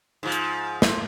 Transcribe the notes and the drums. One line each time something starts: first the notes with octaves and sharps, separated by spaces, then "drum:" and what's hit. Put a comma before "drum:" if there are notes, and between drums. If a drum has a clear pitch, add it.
G#2 F3
drum: hi-hat
drum: snare